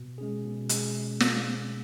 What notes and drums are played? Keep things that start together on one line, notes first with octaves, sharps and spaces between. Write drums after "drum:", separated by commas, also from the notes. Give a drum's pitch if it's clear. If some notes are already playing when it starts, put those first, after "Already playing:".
Already playing: B2
G#3 C#4 G#4
B2
G#3 C#4 G#4, drum: hi-hat
drum: snare